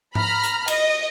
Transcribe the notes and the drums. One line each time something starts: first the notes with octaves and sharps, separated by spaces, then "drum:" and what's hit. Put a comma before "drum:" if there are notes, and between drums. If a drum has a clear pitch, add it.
A#5 B5 F6, drum: tom G#2
drum: hi-hat
D#5, drum: cymbal